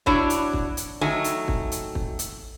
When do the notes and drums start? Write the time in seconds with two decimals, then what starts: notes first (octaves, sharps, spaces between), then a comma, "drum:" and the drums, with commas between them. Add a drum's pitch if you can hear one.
0.06 D4 E4 F#4 C#5, drum: kick
0.30 drum: hi-hat
0.53 drum: kick
0.77 drum: hi-hat
1.01 D#3 F#3 A3 G#5
1.24 drum: hi-hat
1.48 drum: kick
1.72 drum: hi-hat
1.95 drum: kick
2.19 drum: hi-hat